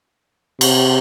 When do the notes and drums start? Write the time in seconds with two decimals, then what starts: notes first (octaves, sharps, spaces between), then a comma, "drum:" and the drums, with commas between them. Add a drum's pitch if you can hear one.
0.61 C3, drum: cymbal